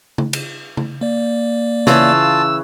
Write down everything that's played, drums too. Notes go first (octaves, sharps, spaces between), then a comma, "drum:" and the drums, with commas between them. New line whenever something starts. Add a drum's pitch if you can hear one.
drum: tom C#3
drum: cymbal
drum: tom C#3
A#3 D5
C#3 E3 F4 A5 E6, drum: snare